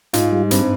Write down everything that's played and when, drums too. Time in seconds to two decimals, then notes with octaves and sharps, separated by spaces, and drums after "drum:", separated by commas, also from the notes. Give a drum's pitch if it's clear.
0.13 G#2 F4, drum: hi-hat
0.32 G3
0.51 G2 C4, drum: hi-hat